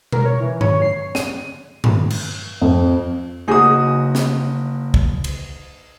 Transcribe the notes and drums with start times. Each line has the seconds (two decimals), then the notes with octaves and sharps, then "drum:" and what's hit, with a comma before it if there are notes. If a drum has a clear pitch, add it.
0.12 A#4, drum: tom B2
0.26 C#5
0.41 E3
0.61 C#5, drum: tom G2
0.82 C7
1.15 D#7, drum: snare
1.84 drum: tom G2
2.10 drum: cymbal
2.62 F2
3.48 F#1 D#4 F#4 G#4 D#6
4.15 drum: snare
4.94 drum: kick
5.24 drum: cymbal